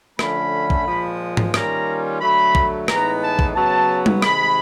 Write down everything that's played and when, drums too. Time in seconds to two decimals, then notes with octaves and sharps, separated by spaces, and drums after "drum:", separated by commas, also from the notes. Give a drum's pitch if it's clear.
0.19 D3 F3 A3 C#4 B5, drum: rim click
0.70 drum: kick A#1
0.87 A#2 F3 G#3
1.37 drum: tom G#2
1.54 D#3 G3 A#3 C#4 F4 A#5, drum: rim click
2.21 D3 F#3 A3 B5
2.55 drum: kick A#1
2.88 A2 E3 G#3 B3 D#4 A#5, drum: rim click
3.22 A5
3.39 drum: kick A#1
3.55 C#3 F#3 B3 A5
4.06 drum: tom G3
4.22 C3 D#3 G#3 B5, drum: rim click